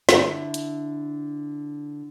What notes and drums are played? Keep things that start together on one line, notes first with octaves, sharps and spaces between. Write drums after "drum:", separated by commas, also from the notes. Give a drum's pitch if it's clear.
D3 E4, drum: snare
drum: hi-hat